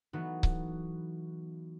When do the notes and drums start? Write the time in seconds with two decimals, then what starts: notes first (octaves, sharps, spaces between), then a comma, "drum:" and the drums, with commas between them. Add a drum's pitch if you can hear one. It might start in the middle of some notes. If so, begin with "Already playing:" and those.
0.13 E3 F#3 A3 B3 D#4 F#4
0.43 drum: kick C#1